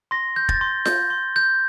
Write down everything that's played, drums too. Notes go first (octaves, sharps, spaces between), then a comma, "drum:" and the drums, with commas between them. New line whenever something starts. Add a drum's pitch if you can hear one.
C6 A#6
G6
A6, drum: kick
C6
G6, drum: snare F4
C6
G6